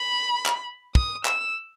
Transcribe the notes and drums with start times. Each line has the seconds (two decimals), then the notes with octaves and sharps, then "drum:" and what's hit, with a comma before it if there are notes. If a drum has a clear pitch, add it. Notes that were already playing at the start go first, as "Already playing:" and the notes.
Already playing: B5
0.46 drum: clap
0.95 D#6, drum: kick
1.25 E6, drum: clap